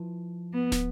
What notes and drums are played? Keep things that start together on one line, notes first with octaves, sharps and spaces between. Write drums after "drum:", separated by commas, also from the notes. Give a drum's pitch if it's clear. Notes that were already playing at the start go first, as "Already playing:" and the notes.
Already playing: F3 E4 B4
B3
drum: snare